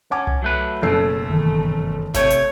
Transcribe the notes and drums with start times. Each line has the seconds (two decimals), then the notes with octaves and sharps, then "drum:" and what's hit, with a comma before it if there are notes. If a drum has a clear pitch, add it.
0.11 C#4 F#5 A5 D6
0.27 drum: tom C2
0.42 F#3 A3 B4
0.82 F#1 B1 C#3 A3 A4 C7
1.30 G1 D#3 E3
2.14 C3 A3 C#5, drum: snare G#1
2.30 drum: hi-hat